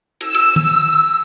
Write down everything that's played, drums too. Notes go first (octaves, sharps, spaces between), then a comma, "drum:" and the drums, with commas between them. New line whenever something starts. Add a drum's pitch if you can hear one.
E6, drum: cymbal
drum: cymbal
E6, drum: tom D#3